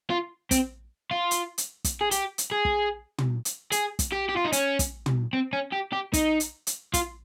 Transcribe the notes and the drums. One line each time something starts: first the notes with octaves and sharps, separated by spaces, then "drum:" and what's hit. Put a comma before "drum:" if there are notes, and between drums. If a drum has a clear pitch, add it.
F4
C4, drum: kick, hi-hat
F4
drum: hi-hat
drum: hi-hat
drum: kick, hi-hat
G#4
G4, drum: hi-hat
drum: hi-hat
G#4
drum: kick
drum: tom
drum: hi-hat
G#4, drum: hi-hat
drum: kick, hi-hat
G4
G4
F4
D#4
C#4, drum: hi-hat
drum: kick, hi-hat
drum: tom
C4
C#4
G4
G4
D#4, drum: kick, hi-hat
drum: hi-hat
drum: hi-hat
F4, drum: kick, hi-hat